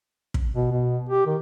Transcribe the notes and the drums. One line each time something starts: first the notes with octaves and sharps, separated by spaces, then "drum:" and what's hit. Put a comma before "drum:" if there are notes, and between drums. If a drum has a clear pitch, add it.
drum: kick
B2
B2
G4
D#3